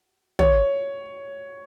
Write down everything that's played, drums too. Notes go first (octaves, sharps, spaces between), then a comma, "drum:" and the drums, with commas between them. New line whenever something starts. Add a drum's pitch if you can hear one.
C#5, drum: tom